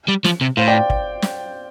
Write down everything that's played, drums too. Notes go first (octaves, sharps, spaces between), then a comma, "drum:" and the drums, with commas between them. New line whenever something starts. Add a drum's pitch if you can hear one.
G3
F3, drum: snare
C3
A2 C5 F5
D5 G5
drum: kick
drum: snare